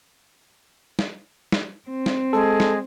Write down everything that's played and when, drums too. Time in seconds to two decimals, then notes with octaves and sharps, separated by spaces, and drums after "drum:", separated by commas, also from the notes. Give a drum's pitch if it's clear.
0.99 drum: snare
1.52 drum: snare
1.89 C4
2.06 drum: snare
2.33 G#3 A4
2.60 drum: snare